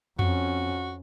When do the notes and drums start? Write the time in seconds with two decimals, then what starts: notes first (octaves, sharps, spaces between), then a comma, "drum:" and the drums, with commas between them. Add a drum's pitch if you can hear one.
0.19 F2 C#4 F#4, drum: tom F2